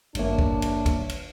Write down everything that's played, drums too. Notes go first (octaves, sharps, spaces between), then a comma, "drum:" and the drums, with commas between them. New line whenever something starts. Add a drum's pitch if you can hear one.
G#1 G2 A#3 D4 C#5 E5, drum: cymbal
drum: kick
drum: cymbal
drum: kick, cymbal
drum: cymbal